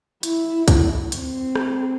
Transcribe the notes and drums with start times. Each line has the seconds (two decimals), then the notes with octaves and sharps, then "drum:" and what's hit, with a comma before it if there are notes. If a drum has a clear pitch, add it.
0.23 E4, drum: hi-hat
0.68 drum: kick, hi-hat
1.12 C4, drum: hi-hat
1.55 drum: rim click